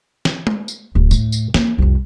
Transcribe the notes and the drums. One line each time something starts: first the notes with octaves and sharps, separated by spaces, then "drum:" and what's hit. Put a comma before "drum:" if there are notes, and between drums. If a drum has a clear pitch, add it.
drum: snare
drum: tom
drum: tambourine
D1
A2, drum: tambourine
drum: tambourine
A#3, drum: snare
C2 F2